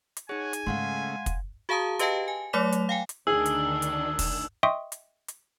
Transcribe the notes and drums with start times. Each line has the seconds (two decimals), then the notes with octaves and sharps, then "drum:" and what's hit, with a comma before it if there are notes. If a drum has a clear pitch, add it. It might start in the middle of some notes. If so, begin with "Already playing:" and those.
0.17 drum: hi-hat
0.29 D#4 G#4 C#5 F#5 G#5
0.53 drum: hi-hat
0.67 G#2 C#3 G#3 A3 F5 F#5 C6
1.26 drum: kick, hi-hat
1.69 F#4 G#4 F5 A5 A#5 D#6
1.99 G4 B4 D#5 F5 G5 A5, drum: hi-hat
2.28 G#5
2.53 F#3 A3 C#5 D6 B6 F7
2.72 drum: hi-hat
2.89 F5 G5 G#5
3.09 drum: hi-hat
3.27 D2 D#3 D4 G#4 E6
3.46 drum: hi-hat
3.82 drum: hi-hat
4.19 drum: kick, open hi-hat
4.63 D#5 E5 G5 C6 C#6 D#6
4.92 drum: hi-hat
5.28 drum: hi-hat